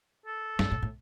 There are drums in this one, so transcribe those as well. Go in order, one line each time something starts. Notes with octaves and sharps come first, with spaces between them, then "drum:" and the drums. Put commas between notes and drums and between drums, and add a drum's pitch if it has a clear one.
A4
G2, drum: snare
A2
A2